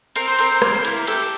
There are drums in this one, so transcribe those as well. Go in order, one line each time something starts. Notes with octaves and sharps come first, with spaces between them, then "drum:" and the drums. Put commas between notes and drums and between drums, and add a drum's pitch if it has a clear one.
C4 A#4, drum: cymbal
C5
C4 A#4, drum: cymbal
C5
A#3 A#4, drum: rim click
C5
E4 A#4, drum: cymbal
G4 A4, drum: cymbal
A4